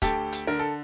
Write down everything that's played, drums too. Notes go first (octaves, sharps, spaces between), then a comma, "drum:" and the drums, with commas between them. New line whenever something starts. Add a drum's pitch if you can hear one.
D2 G4 A4, drum: kick, hi-hat
drum: hi-hat
D3 A#4
A4